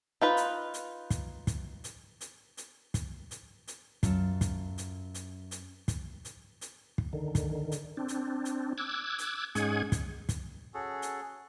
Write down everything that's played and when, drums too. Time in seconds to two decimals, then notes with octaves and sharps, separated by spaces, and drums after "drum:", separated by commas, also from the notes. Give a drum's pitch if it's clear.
0.21 D#4 F4 B4
0.37 drum: hi-hat
0.74 drum: hi-hat
1.10 drum: kick, hi-hat
1.47 drum: kick, hi-hat
1.84 drum: hi-hat
2.21 drum: hi-hat
2.57 drum: hi-hat
2.94 drum: kick, hi-hat
3.31 drum: hi-hat
3.68 drum: hi-hat
4.03 F#2 F4 A4, drum: kick, hi-hat
4.41 drum: kick, hi-hat
4.78 drum: hi-hat
5.14 drum: hi-hat
5.51 drum: hi-hat
5.88 drum: kick, hi-hat
6.25 drum: hi-hat
6.61 drum: hi-hat
6.98 drum: kick
7.13 D3 D#3
7.35 drum: kick, hi-hat
7.72 drum: hi-hat
7.97 C4 D4
8.08 drum: hi-hat
8.45 drum: hi-hat
8.78 D6 E6 F#6 G#6
9.18 drum: hi-hat
9.55 G#2 G#3 C#4 G#4 F#5 G#6, drum: hi-hat
9.92 drum: kick, hi-hat
10.29 drum: kick, hi-hat
10.74 C#4 F#4 G#4 A4
11.02 drum: hi-hat